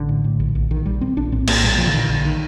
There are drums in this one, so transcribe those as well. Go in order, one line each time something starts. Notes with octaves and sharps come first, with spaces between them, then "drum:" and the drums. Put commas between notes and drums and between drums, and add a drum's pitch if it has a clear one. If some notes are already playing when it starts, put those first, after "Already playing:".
Already playing: A1 D3
A2
A2
A#1
A#1
A#1 D#3
A#1 G3
A#1 C4
A#1 D4
A2 C4
A#1 A#3, drum: cymbal
A#2 G3
A#2 F3
D3
A#2 D#3
D#3
A#1 D3
D#3